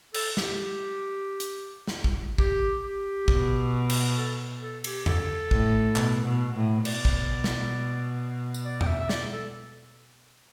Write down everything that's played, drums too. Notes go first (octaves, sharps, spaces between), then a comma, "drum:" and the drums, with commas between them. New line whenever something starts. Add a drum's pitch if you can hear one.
A4, drum: cymbal
G4, drum: snare
drum: hi-hat
drum: snare
drum: kick
G4, drum: kick
G4
B2, drum: kick
drum: cymbal
A4
A4
G4, drum: cymbal
A4, drum: tom E2
A2, drum: kick
B2, drum: clap
B2
A2
B2 D5, drum: cymbal
drum: kick
drum: snare
drum: tambourine
D5
G5, drum: tom E2
E5
E5
D5, drum: snare
A4